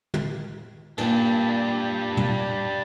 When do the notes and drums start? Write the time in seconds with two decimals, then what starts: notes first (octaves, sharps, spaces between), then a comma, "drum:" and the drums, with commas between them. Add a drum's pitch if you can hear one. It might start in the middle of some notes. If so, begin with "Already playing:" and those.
0.14 drum: tom
0.98 A#2 G3 D4, drum: snare
2.17 drum: tom